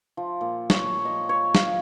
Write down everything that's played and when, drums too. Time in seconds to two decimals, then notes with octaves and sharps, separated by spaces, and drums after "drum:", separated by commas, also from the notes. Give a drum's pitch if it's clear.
0.17 F3
0.41 A#2
0.70 C#5, drum: snare
1.05 D#5
1.29 C#5
1.55 F5, drum: snare